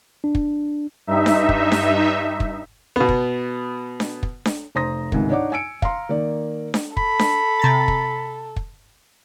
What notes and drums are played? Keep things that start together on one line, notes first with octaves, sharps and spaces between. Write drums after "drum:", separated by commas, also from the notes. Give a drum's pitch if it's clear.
D4
drum: kick
G2 D#4 E5
drum: snare D4
drum: kick
drum: snare D4
drum: kick
B2 B3
drum: kick
drum: snare D4
drum: kick
drum: snare D4
F1 C5 A#5 C6 D#6 A#6
C#2 G#2 C3 D#3, drum: kick
D4 D#4 C#5 D5 F#5 D6
G#5 E6 C#7 D7
F5 A#5 C6, drum: kick
D#3 A#3 D5
drum: snare D4
A4 B5, drum: kick
drum: snare D4
C3 A#5 A6
drum: kick
drum: kick